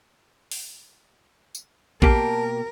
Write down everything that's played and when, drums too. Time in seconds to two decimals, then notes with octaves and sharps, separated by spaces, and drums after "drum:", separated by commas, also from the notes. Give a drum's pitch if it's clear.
0.51 drum: open hi-hat
1.55 drum: tambourine
2.02 B2 A#3 G4 A#4 A5, drum: kick A#1